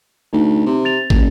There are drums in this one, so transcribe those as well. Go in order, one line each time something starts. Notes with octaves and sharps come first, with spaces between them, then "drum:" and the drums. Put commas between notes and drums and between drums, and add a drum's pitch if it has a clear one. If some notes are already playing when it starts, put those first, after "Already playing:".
D2 D#4
C3
A6 F7
F#1, drum: kick